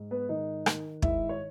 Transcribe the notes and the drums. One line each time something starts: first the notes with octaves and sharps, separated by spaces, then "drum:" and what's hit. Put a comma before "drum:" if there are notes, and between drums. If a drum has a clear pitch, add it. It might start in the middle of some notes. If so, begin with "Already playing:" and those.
Already playing: G#2
B3 B4
D#3 D#4 D#5
D#3, drum: rim click
G#2 E4 E5, drum: kick
C#5